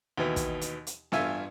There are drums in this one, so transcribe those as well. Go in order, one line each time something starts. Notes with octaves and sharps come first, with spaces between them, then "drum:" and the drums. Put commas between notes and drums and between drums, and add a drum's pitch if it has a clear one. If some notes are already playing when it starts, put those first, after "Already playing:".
D#2 B2 E3
drum: kick, hi-hat
drum: hi-hat
drum: hi-hat
A1 G2 F4 E5 G#5, drum: snare B3